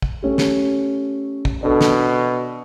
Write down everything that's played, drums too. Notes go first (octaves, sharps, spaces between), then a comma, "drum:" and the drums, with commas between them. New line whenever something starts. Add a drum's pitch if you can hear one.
drum: kick
A3 C#4 G4
drum: snare
drum: kick
B2 D4 A4
drum: snare